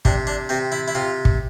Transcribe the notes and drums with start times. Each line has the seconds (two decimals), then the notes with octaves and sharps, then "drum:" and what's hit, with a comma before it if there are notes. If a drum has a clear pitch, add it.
0.05 C3 D4, drum: kick
0.27 D4
0.49 C3 C4
0.72 E4
0.88 E4
0.95 C3 F4
1.25 drum: kick